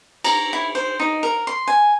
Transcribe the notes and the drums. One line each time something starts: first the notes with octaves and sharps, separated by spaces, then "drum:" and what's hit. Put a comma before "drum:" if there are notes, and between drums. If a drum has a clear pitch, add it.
A#5, drum: cymbal
E4
C5
D#4
A#4
C6
G#5